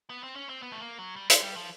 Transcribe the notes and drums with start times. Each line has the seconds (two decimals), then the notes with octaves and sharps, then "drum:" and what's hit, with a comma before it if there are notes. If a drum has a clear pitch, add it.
0.10 B3
0.23 C4
0.36 C#4
0.49 C4
0.62 B3
0.72 A3
0.80 A#3
0.99 F#3
1.16 G3
1.30 G#3, drum: hi-hat
1.43 G3
1.56 F3